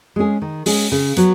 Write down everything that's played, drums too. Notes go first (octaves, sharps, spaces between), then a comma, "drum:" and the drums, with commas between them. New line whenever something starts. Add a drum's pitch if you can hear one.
G#3 C#4 G#4
D#3
G#3 C#4 G#4, drum: open hi-hat
C#3
F#3 B3, drum: hi-hat